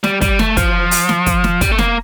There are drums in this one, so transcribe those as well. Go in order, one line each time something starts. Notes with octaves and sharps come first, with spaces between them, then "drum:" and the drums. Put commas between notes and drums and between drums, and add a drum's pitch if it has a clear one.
G3, drum: snare
G3, drum: kick, hi-hat
A3, drum: snare
F3, drum: kick, hi-hat
drum: open hi-hat
drum: snare
drum: kick, hi-hat
drum: snare
G3, drum: kick, hi-hat
A3
A#3, drum: snare